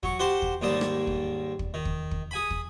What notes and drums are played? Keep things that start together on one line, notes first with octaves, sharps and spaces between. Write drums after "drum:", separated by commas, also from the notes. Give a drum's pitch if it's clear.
F#3 C#6, drum: kick
F#4 G4 C5 A5 C6
drum: kick
D#2 G#2 G3 D5 A5
drum: rim click
drum: kick
drum: kick
D#3
drum: kick
drum: kick
G#4 G#5 B5
drum: kick